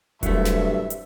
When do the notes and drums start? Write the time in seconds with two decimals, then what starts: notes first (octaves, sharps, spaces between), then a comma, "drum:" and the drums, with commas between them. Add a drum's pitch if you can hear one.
0.23 C2 G2 F#3 A3 E5, drum: kick E1, hi-hat
0.45 drum: snare
0.90 drum: hi-hat